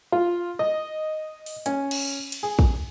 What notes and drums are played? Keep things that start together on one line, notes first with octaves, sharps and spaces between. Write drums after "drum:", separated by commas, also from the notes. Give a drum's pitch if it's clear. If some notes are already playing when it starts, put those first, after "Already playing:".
F4
D#5
drum: open hi-hat
C#4, drum: hi-hat
drum: cymbal
drum: cymbal
G#4
drum: kick